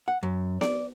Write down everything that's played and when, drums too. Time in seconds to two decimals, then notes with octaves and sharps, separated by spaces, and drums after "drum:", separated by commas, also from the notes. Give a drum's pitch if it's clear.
0.08 F#5
0.23 F#2
0.61 D5, drum: snare B3